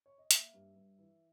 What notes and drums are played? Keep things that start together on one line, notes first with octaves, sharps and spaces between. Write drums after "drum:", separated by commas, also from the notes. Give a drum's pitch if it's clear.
C#5
D#5
A#3 E5, drum: hi-hat
G2
G2
E3